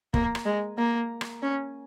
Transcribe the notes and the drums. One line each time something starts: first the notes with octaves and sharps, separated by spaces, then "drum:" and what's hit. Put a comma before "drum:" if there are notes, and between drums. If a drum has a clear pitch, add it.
A#3, drum: kick
drum: rim click
G#3
A#3
drum: rim click
C#4